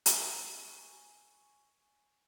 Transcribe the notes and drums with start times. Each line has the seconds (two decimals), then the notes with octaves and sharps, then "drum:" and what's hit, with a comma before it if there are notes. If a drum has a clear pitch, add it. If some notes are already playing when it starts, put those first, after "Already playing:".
0.06 G#5 C#6, drum: hi-hat